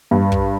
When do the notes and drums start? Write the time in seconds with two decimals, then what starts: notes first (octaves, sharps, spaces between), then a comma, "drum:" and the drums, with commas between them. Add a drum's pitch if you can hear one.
0.11 G2
0.32 drum: kick